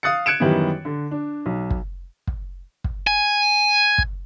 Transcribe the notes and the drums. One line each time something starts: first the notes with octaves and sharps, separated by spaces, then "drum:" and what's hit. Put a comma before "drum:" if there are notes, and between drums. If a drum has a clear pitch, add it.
F5 D#6 F#6 A6 C#7
F#6 G#6 C#7 D7 E7
F#2 D#3 E3 G3 B3
D3
D4
B1
drum: kick
drum: kick
drum: kick
G#5
drum: kick